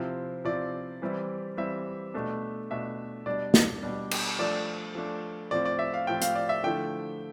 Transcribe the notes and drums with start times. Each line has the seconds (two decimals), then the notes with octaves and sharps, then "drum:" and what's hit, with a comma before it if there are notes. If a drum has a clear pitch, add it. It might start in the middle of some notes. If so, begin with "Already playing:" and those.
Already playing: C3 F3 C4 E4
0.45 C3 F3 C4 E4 D5
1.02 E3 G3 C4 E4
1.57 E3 G3 C4 E4 E5
2.14 B2 A3 D4
2.70 B2 A3 D4 E5
3.26 B2 G3 D4 D5
3.54 drum: snare
3.83 B2 G3 D4
4.11 drum: cymbal
4.39 F3 A3 D4 D5
4.95 F3 A3 D4
5.51 A2 F3 C4 D5
5.65 D5
5.79 E5
5.94 F5
6.07 A2 F3 C4 G5
6.22 F5, drum: hi-hat
6.35 D5
6.49 E5
6.63 D3 F3 A3 E4 G5